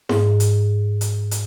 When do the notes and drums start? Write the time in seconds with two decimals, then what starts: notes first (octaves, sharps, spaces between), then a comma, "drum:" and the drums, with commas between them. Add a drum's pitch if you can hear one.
0.09 G#2, drum: snare E4
0.40 drum: hi-hat
1.01 drum: hi-hat
1.31 drum: hi-hat